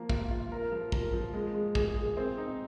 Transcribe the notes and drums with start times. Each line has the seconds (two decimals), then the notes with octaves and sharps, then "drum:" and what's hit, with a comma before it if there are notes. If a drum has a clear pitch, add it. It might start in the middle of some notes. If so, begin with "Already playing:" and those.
Already playing: F3 A#3
0.09 F4, drum: kick
0.31 F4
0.52 A#4
0.72 F3
0.92 A#4, drum: kick
1.13 F3
1.34 G#3
1.54 G#3
1.75 G#4, drum: kick
1.97 G#4
2.17 C4
2.38 D#4